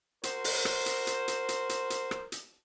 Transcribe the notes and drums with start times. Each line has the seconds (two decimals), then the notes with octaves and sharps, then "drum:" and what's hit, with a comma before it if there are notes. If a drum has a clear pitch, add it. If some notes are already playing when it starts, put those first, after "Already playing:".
0.23 F#4 A#4 C5, drum: hi-hat
0.44 drum: open hi-hat
0.65 drum: rim click
0.86 drum: hi-hat
1.07 drum: hi-hat
1.28 drum: hi-hat
1.49 drum: hi-hat
1.69 drum: hi-hat
1.90 drum: hi-hat
2.11 drum: rim click
2.32 drum: hi-hat